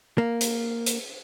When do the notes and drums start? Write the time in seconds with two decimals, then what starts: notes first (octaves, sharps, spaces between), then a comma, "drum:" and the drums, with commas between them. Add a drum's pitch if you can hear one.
0.18 A#3
0.41 drum: hi-hat
0.86 drum: hi-hat